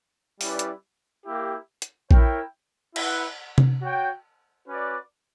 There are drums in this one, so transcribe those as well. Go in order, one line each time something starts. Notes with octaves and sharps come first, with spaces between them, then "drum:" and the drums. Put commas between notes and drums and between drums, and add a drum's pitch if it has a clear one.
G3 C#4 E4 B4 D5, drum: open hi-hat
drum: hi-hat
A#3 E4 G4
drum: hi-hat
E4 A#4 C#5 G5, drum: kick A#1
E4 B4 F#5, drum: cymbal
drum: tom C3
F#4 C#5 G5
C#4 F#4 B4 D5